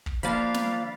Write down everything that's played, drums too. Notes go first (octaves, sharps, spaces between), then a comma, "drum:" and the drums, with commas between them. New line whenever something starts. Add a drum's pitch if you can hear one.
drum: kick
F3 A#3 D4 D5 F5 B5 A6, drum: hi-hat
drum: snare